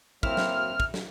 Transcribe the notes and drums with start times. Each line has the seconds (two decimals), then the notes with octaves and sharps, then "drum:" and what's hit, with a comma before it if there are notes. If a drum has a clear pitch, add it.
0.23 F#3 A#3 C4 E4 F6, drum: kick
0.37 drum: snare
0.80 drum: kick
0.94 drum: snare